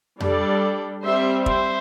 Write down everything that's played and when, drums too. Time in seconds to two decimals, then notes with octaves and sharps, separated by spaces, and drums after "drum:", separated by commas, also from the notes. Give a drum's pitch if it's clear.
0.20 G3 D4 A4 D5, drum: tom F2
1.04 G3 C4 C5 E5
1.46 C5 E5, drum: kick